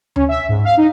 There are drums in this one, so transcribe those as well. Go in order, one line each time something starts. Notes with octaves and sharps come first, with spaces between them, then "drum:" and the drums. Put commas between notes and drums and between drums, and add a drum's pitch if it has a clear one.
C#4, drum: tom D2
E5
G#2
F5
D#4